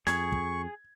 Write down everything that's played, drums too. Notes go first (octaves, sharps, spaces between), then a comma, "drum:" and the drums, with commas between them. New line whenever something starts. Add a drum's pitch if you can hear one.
F2 G#4 C#6 G#6, drum: snare
drum: kick